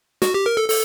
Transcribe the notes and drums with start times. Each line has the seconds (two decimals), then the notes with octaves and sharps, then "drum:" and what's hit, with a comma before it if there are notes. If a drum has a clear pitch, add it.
0.22 F#4, drum: snare
0.34 G4
0.46 A#4
0.57 A4
0.69 A4, drum: open hi-hat